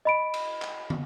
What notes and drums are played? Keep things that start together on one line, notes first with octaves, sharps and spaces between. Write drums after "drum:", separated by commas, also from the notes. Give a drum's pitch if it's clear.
D#5 B5 D7
drum: cymbal
drum: clap
drum: tom